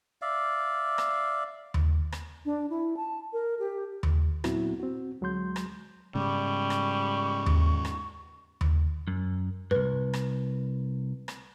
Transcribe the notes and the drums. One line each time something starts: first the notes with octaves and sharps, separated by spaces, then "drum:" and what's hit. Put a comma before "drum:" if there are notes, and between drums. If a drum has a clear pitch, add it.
D5 E5 F5
drum: rim click
drum: tom D#2
drum: rim click
D4
E4
A5
A#4
G4
drum: tom D#2
A#2 F#3 B3 C4 E4 F#4, drum: rim click
C4 F#4
D2 F#3 G#3 C6 G6
drum: rim click
G#2 C#3 G3 C#6
drum: rim click
drum: tom D#2
drum: rim click
drum: tom D#2
F#2
C2 G2 B4
drum: rim click
drum: rim click